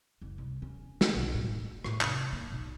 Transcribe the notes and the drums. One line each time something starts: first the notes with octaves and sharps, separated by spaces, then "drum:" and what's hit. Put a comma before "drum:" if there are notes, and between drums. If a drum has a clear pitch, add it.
F#1
C2
C#4
C4, drum: snare
B1
A2
A#3
A2, drum: rim click
F1, drum: clap
A#3
B1